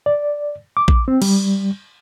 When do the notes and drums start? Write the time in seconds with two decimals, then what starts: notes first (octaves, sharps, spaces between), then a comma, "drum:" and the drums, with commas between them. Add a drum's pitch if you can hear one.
0.06 D5
0.77 D6
0.88 drum: kick A#1
1.08 C4
1.22 G3, drum: cymbal